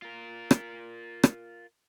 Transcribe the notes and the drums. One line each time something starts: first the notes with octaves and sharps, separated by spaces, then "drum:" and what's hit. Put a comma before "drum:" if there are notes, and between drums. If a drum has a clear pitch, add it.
F4 A#4
drum: rim click
drum: rim click